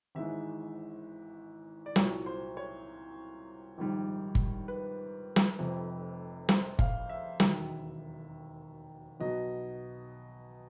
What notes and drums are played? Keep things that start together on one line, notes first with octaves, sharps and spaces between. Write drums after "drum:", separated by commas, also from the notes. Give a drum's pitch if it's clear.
G#1 G#2 E3 G#3 E5
D5
C2 A#2 F#3 C#5, drum: snare
C5
C#5
A#1 G#2 D#3 G3
drum: kick G1
B4
drum: snare
F1 F2 C3
C5, drum: snare
F5, drum: kick G1
E5
E1 D#2 D#3 F#3, drum: snare
B1 B2 F#3 D#5